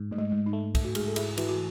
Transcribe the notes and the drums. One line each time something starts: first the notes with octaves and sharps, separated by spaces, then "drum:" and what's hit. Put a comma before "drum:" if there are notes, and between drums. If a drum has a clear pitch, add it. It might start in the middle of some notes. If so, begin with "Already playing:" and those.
Already playing: G#2
G#2 A3
G#3
G#2
D#4
A3
A3, drum: kick, cymbal
F#4
G#2 G#4, drum: cymbal
A4
E4 G#4, drum: cymbal
E3 F#4, drum: cymbal
F#4